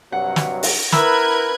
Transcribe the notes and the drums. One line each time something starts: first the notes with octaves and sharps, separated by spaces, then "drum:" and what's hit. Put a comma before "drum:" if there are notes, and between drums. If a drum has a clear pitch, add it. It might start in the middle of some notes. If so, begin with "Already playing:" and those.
G2 C3 F#3 F#5
drum: snare
drum: open hi-hat
E4 A#4 B4 B5 E6 F#6 G#6, drum: snare